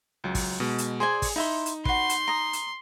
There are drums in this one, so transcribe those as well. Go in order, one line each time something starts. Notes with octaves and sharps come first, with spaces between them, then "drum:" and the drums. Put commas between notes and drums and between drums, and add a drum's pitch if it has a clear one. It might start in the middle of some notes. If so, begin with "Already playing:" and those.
C#2 F#3
drum: kick, open hi-hat
B2 G#3
drum: hi-hat
G#4 C5 D5 G#5
drum: kick, open hi-hat
D#4 E4 E5 C6
drum: hi-hat
F#4 B4 C6, drum: kick
drum: hi-hat
A#5 D#6
drum: hi-hat